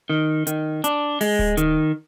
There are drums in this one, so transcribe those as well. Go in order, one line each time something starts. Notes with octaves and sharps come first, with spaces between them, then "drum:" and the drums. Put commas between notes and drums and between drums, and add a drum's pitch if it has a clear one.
D#3
D#3, drum: hi-hat
D4, drum: hi-hat
G#3, drum: open hi-hat
drum: kick D1
D#3, drum: hi-hat